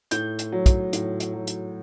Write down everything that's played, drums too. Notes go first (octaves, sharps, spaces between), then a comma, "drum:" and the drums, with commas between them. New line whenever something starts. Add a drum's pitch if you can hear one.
A2 G6, drum: hi-hat
drum: hi-hat
F#3
drum: kick, hi-hat
A2, drum: hi-hat
drum: hi-hat
F#3
drum: hi-hat